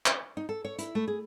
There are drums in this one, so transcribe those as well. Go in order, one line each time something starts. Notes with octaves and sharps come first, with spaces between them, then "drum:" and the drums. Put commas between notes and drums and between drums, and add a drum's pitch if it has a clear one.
drum: clap
D#4
A4
C#5
E4, drum: hi-hat
A3
G#4